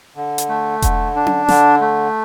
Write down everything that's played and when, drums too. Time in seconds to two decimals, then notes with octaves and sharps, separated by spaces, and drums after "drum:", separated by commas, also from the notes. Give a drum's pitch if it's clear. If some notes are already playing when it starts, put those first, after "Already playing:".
0.16 D3
0.38 drum: hi-hat
0.49 A3
0.82 D3, drum: kick E1, hi-hat
1.16 D4
1.26 drum: tom C#4
1.49 D3, drum: snare
1.81 A3